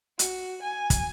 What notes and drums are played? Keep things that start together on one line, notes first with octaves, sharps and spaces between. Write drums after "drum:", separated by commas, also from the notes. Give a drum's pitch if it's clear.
F#4, drum: hi-hat
G#5
drum: kick, hi-hat